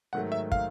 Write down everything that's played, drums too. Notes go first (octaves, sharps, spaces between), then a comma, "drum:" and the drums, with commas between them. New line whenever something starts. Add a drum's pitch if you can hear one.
G#2 D#3 F#3 A3 F#5
E5
F5, drum: kick